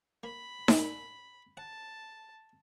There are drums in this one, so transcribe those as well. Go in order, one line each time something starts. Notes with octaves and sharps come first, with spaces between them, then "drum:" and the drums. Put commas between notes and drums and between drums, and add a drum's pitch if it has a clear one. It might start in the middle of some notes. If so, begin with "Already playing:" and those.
A#3 B5
A2 G#3 A3, drum: snare D#4
F#5 A5